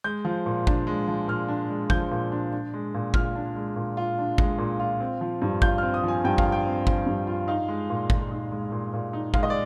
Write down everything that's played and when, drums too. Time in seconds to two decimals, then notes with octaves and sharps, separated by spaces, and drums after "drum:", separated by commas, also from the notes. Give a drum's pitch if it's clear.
0.04 G#3 G6
0.25 F3
0.46 A#2
0.67 D4, drum: kick G#1
0.87 G#3
1.08 F3
1.28 A#2 F6
1.48 D4
1.70 G#3
1.90 F3 G6, drum: kick G#1
2.11 A#2
2.32 D4
2.53 D4
2.74 G#3
2.94 A#2
3.14 F4 F6, drum: kick G#1
3.35 D4
3.56 G#3
3.76 A#2
3.97 F4
4.18 D4
4.38 G#3, drum: kick G#1
4.58 A#2
4.80 F4
5.00 C4
5.21 F3
5.42 G2
5.62 F4 G6, drum: kick G#1
5.78 F6
5.83 C4
5.94 D#6
6.04 F3 G#5
6.24 G2 G5
6.38 F5, drum: kick G#1
6.46 F4
6.52 G5
6.66 C4
6.87 F3, drum: kick G#1
7.06 G2
7.27 F4
7.48 D#4 F5
7.68 G#3
7.90 A#2
8.10 A#2, drum: kick G#1
8.32 D#4
8.52 G#3
8.72 A#2
8.94 A#2
9.13 D#4
9.34 G#3 F5, drum: kick G#1
9.43 D#5
9.50 D5